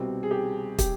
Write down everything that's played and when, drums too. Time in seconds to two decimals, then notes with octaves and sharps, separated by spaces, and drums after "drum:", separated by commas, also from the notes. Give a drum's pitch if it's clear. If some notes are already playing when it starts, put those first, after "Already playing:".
Already playing: C2 B2 G3 C4
0.23 G#4
0.31 G4
0.79 G4, drum: kick, hi-hat